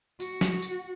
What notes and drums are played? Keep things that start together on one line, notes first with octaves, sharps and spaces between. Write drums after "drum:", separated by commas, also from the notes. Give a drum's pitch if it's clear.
F#4, drum: tambourine
drum: snare
drum: tambourine